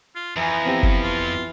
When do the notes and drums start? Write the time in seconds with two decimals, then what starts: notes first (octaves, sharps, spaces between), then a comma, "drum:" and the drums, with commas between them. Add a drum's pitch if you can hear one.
0.15 F4
0.36 F2 E3 A#5
0.65 B3 C4 G4
0.83 drum: kick
1.01 F4